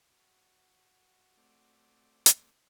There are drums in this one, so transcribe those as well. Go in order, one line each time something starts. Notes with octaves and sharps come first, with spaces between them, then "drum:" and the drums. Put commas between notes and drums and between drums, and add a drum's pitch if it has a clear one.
F#4
A3 C4 D5
drum: hi-hat